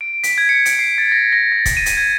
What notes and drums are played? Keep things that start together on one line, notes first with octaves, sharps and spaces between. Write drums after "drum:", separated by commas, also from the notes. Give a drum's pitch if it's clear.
D7
B6, drum: hi-hat
G#6
C#7
D7, drum: hi-hat
C7
A6
A#6
A#6
A6
drum: kick, hi-hat
D#7
drum: hi-hat
G#6